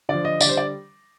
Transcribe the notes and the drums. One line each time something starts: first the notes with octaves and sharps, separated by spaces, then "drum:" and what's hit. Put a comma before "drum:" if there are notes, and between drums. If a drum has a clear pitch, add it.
D3 F3 D5
D#5
D3 G3 D5, drum: tambourine
C5
D5